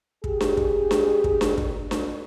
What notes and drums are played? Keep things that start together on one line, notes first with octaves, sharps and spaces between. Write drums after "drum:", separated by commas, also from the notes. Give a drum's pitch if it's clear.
G4 G#4, drum: kick
drum: snare D4
drum: kick
drum: snare D4
drum: kick
drum: snare D4
drum: kick
drum: snare D4